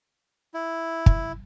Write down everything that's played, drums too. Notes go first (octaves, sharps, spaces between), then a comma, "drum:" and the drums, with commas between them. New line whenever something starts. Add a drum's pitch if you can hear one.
E4
drum: kick